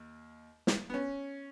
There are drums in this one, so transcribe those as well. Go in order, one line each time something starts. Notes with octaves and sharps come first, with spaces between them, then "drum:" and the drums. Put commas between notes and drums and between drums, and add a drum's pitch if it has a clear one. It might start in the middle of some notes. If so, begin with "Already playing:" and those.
Already playing: D#2
drum: snare
B3
C#4